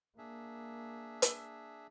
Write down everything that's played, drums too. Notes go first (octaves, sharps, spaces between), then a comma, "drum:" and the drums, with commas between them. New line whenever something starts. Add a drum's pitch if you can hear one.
A#3 D4 G#4 E5
drum: hi-hat